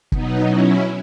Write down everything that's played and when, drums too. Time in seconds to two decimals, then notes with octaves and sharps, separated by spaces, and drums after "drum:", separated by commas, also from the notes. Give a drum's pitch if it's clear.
0.12 B2 F#3 B3 D#4, drum: kick
0.46 C#4 E4